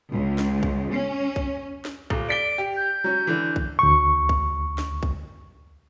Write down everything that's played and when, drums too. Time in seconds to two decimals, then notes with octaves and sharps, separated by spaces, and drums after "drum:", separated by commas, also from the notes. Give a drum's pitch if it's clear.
0.12 C#2
0.38 drum: snare
0.63 drum: kick
0.93 C#4
1.36 drum: kick
1.85 drum: snare
2.10 D#1, drum: kick
2.29 D5 B6 D7 G7
2.58 G4
2.77 G6
3.04 F#3 C#4
3.27 D3 E3
3.56 drum: kick
3.79 D2 C#6
4.29 drum: kick
4.78 drum: snare
5.03 drum: kick